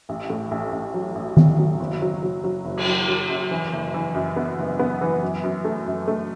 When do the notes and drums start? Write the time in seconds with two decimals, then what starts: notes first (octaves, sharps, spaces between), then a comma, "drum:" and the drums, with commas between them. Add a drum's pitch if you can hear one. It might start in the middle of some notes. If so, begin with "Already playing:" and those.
0.09 A1
0.30 A2
0.51 A1
0.72 A1
0.94 F#3
1.15 A1
1.37 A1, drum: tom D#3
1.59 F#3
1.80 F#1
2.02 F#3
2.23 F#3
2.44 F#3
2.65 F#1
2.77 drum: cymbal
2.87 F#3
3.08 F#3
3.29 F#2
3.51 E3
3.73 F#1
3.94 E3
4.15 F#2
4.36 B3
4.59 F#1
4.79 B3
5.01 E3
5.22 F#2
5.43 F#2
5.65 A3
5.87 F#2
6.08 A3